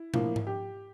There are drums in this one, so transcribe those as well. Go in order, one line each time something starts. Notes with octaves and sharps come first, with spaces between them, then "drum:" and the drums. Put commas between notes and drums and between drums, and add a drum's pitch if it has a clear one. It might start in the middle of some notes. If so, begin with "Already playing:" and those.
Already playing: E4
A2 F3 A#3, drum: tom
drum: tom G#2
G4